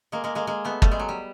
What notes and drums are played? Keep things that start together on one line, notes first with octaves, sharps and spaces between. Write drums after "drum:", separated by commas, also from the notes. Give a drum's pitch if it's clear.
G#3 A#3
G#3 A#3
G#3 A#3
G#3 A#3
A3 B3
G3 A3, drum: kick
G#3
F#3
G3